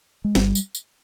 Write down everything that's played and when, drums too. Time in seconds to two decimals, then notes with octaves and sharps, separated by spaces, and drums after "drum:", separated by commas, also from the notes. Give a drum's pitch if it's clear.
0.24 G#3
0.35 G1 G3, drum: snare
0.55 drum: tambourine
0.75 drum: tambourine